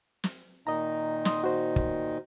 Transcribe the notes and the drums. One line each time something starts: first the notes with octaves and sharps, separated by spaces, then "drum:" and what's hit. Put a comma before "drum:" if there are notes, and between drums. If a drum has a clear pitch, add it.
drum: snare
A#2 D#3 D#4 D#5 A#5
C6 D#6, drum: snare
F#4 C5
drum: kick